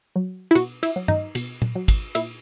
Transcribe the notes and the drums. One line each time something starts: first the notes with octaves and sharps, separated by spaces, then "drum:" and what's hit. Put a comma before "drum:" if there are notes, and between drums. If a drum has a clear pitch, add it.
F#3
E4
B2 F#4, drum: cymbal
E4, drum: cymbal
F#3
D#4, drum: tom
B2, drum: cymbal
drum: tom
F#3
drum: kick, cymbal
A#2 E4, drum: cymbal